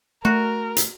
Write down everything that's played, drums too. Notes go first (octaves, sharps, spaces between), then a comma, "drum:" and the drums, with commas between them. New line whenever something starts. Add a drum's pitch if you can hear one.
A3 F#4 A#4
drum: hi-hat